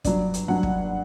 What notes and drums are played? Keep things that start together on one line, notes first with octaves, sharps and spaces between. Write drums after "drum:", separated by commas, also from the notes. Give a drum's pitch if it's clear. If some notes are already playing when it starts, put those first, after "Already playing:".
G2 F#3 D5, drum: kick, hi-hat
drum: hi-hat
G2 F#3 F#5
drum: kick